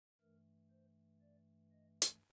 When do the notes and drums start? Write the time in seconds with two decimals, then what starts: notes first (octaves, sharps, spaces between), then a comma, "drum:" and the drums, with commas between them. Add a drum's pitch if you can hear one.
0.21 G2 E3 A3 A#4
0.71 C5
1.21 D5
1.71 D#5
2.02 drum: hi-hat